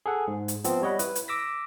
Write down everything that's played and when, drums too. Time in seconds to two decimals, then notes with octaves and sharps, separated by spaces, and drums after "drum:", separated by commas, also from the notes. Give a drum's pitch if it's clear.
0.06 G#4 A4 F#5
0.28 G#2
0.48 drum: hi-hat
0.64 F3 B3 C4, drum: hi-hat
0.82 G3 C#5 D#5 F#5 B5
0.99 E4 B4, drum: hi-hat
1.15 drum: hi-hat
1.28 D6 E6 A#6 B6